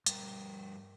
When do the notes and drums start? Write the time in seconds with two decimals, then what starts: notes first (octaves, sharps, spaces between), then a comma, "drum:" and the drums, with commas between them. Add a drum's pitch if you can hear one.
0.06 G2 G3 A#4 G5, drum: hi-hat